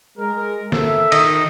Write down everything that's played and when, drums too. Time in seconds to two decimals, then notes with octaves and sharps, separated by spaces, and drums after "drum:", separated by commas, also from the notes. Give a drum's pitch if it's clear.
0.18 G#3 A#4
0.72 A4 A#4 E5, drum: snare
1.12 D#3 D#5, drum: cymbal